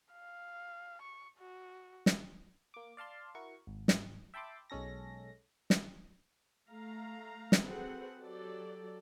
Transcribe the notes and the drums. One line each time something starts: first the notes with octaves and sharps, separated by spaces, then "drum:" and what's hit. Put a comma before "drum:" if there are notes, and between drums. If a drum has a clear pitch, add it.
F5
C#6
F#4
drum: snare
A#3 D6
D5 F5 A5 C6
E4 F#4 A#4 C#6
G#1
drum: snare
E5 G5 A5 B5 C6 D6
B1 G#3 C#4 A4 A#6
drum: snare
A3 F5 A#5
drum: snare
C4 F#4 G#4 A4 B4 F#5
F#3 G4 A4 D5